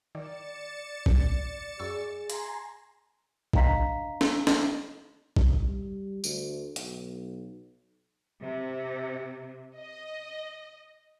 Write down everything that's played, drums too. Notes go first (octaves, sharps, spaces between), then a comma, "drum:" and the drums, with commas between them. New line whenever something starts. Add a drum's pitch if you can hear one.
D#3 D5 A6 C#7 E7
drum: kick A1
F#2 G#4 C#6 E6
G#5 A#5 C6, drum: hi-hat
D4 D#5 F5 A#5 B6, drum: kick A1
drum: snare
drum: snare
drum: kick A1
G3
D2, drum: tambourine
B1, drum: hi-hat
C3
D#5